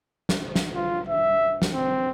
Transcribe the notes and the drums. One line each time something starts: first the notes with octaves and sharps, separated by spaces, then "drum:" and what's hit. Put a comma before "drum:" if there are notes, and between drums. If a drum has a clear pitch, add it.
drum: snare
drum: snare
F4
E5
drum: snare
C4